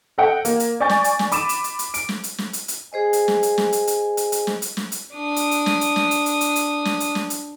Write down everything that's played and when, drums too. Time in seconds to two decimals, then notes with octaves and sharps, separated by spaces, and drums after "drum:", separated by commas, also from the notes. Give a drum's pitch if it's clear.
0.18 A4 D#5 F#5 G5
0.45 A#3, drum: hi-hat
0.60 drum: hi-hat
0.80 D5 G#5 C#6 G6 A6
0.89 drum: snare
1.04 drum: hi-hat
1.19 drum: snare
1.32 B5 D6 D#7 E7, drum: hi-hat
1.49 drum: hi-hat
1.64 drum: hi-hat
1.79 drum: hi-hat
1.94 D7, drum: hi-hat
2.09 drum: snare
2.24 drum: hi-hat
2.38 drum: snare
2.53 drum: hi-hat
2.68 drum: hi-hat
2.92 G#4 C5 D#5 G#5
3.13 drum: hi-hat
3.28 drum: snare
3.43 drum: hi-hat
3.58 drum: snare
3.73 drum: hi-hat
3.87 drum: hi-hat
4.17 drum: hi-hat
4.32 drum: hi-hat
4.47 drum: snare
4.62 drum: hi-hat
4.77 drum: snare
4.92 drum: hi-hat
5.15 D4 D#6
5.36 drum: hi-hat
5.51 drum: hi-hat
5.66 drum: snare
5.81 drum: hi-hat
5.96 drum: snare
6.11 drum: hi-hat
6.26 drum: hi-hat
6.41 drum: hi-hat
6.56 drum: hi-hat
6.85 drum: snare
7.00 drum: hi-hat
7.15 drum: snare
7.30 drum: hi-hat